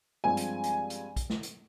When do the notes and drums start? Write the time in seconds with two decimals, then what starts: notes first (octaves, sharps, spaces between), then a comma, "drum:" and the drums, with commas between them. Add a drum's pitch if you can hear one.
0.24 G2 F3 G#3 C4 G#5
0.37 drum: hi-hat
0.64 drum: hi-hat
0.90 drum: hi-hat
1.16 drum: kick A#1, hi-hat
1.30 drum: snare
1.43 drum: hi-hat